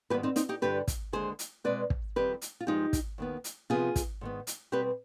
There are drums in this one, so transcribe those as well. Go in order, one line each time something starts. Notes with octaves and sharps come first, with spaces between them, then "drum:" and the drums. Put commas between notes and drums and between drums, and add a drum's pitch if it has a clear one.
G#2 D#3 G3 B3 G4 B4
C4 D#4
C4 D#4, drum: hi-hat
D#4 G4
G2 D3 G3 G4 B4
drum: kick, hi-hat
D#2 D3 G#3 G#4 C5
drum: hi-hat
B2 G#3 C4 B4 D5
drum: kick
F2 D#3 G3 C4 G4 B4
drum: hi-hat
F4
G2 F3 G#3 D#4 G4
drum: kick, hi-hat
D#2 D#3 B3
drum: hi-hat
C3 F3 B3 F4 G#4
drum: kick, hi-hat
G#2 D#3 B3
drum: hi-hat
B2 G3 C4 G4 B4